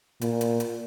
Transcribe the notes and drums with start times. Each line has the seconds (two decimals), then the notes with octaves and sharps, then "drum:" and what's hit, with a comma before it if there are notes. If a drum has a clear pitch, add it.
0.21 A#2, drum: hi-hat
0.41 drum: hi-hat
0.60 drum: hi-hat